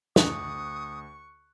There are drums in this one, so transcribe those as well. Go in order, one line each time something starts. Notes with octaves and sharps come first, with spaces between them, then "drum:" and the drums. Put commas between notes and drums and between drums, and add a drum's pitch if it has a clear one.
D2 C#6 D#6 F#6, drum: snare